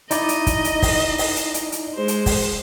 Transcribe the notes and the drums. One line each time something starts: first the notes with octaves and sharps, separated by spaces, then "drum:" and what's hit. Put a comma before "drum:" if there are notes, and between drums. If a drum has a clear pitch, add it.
D#4 E4 D5 D#5, drum: hi-hat
drum: hi-hat
drum: kick, hi-hat
drum: hi-hat
drum: kick, open hi-hat
drum: open hi-hat
drum: hi-hat
drum: hi-hat
drum: hi-hat
G#3 C5
drum: hi-hat
drum: kick, open hi-hat